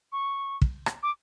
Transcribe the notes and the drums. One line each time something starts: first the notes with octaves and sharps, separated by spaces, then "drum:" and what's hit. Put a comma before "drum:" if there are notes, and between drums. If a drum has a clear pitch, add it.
C#6
drum: kick
drum: rim click
D6